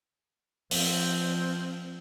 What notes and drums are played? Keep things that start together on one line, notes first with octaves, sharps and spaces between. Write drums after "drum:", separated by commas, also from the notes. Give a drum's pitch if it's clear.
F3 C4, drum: open hi-hat